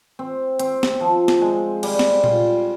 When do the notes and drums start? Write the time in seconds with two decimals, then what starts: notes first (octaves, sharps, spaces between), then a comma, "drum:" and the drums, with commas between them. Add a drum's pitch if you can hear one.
0.19 C4
0.59 C4, drum: hi-hat
0.83 drum: snare
1.01 F3
1.28 drum: snare
1.42 G#3
1.83 G3, drum: cymbal
1.99 drum: snare
2.24 F4, drum: tom A#2